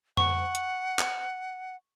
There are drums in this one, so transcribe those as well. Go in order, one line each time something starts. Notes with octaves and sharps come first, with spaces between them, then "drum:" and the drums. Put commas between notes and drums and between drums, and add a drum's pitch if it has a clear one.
F#5 C#6, drum: tom F2
drum: hi-hat
drum: clap